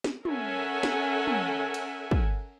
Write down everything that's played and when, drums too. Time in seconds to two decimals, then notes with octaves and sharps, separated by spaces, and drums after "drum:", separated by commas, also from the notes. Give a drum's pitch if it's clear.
0.04 drum: snare
0.25 C#4 A4 A#4 E5 F#5 G#5, drum: tom
0.83 drum: snare
1.27 drum: tom
1.74 drum: cymbal
2.11 drum: kick